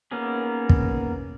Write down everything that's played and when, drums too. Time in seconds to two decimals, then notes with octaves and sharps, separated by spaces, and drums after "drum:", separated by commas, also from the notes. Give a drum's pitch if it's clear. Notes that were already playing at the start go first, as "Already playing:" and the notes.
0.11 A#3 B3 C#4 D#4 G#4
0.69 drum: kick